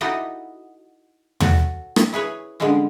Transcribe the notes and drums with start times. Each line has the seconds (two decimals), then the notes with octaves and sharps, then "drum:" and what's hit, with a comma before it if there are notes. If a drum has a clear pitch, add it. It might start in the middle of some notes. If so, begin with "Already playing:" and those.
0.01 D#4 E4 F#4 G4 A4 D#5
1.40 F#4 A4 C#5, drum: tom
1.96 drum: rim click
2.12 E4 G#4 B4 C#5
2.60 D3 F3 G3 G#3 C#4